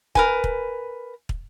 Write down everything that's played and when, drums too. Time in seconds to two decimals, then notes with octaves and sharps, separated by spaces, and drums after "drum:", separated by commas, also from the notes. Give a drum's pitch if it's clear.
0.15 A#4 B4 G#5, drum: kick
0.44 drum: kick
1.29 drum: kick